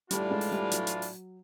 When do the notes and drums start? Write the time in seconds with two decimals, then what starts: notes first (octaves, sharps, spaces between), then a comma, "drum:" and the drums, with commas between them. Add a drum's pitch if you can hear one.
0.11 A2 E3 G3 A3 D4 F4, drum: hi-hat
0.31 G#3
0.41 drum: open hi-hat
0.52 G3
0.72 F#3, drum: hi-hat
0.87 drum: hi-hat
1.02 drum: open hi-hat